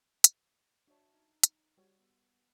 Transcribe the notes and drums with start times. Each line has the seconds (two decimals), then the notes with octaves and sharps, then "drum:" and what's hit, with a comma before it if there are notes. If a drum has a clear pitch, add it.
0.24 drum: hi-hat
0.88 D4 F#4 C#5 E5 A5
1.14 D#4
1.43 drum: hi-hat
1.77 G3 F#4 C#5
1.99 B3